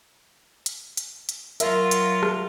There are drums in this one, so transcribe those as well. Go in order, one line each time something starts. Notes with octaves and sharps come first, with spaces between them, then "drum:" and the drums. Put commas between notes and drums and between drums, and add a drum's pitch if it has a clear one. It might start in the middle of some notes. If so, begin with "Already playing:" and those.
drum: hi-hat
drum: hi-hat
drum: hi-hat
F#3 F4 A#4 E5, drum: hi-hat
drum: hi-hat
drum: rim click